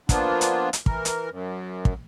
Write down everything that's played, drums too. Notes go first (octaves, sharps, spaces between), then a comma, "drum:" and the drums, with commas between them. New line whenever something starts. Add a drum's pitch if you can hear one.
F3 A#3 B3 D4 F4, drum: kick, hi-hat
drum: hi-hat
drum: hi-hat
E3 A#4, drum: kick
drum: hi-hat
F#2
drum: kick